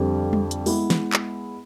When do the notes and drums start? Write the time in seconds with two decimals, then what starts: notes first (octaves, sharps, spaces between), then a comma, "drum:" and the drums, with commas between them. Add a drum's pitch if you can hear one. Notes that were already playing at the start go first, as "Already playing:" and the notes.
Already playing: F2 D3 G3 C4
0.33 drum: tom G3
0.51 drum: hi-hat
0.66 G#3 B3 E4 G#4, drum: open hi-hat
0.90 drum: snare
1.13 drum: clap